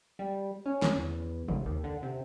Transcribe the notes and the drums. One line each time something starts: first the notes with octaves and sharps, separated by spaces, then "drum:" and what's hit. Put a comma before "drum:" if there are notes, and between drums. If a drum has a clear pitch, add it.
G3
C#4
drum: snare
E2
G#1, drum: tom C3
D#2
D3
C3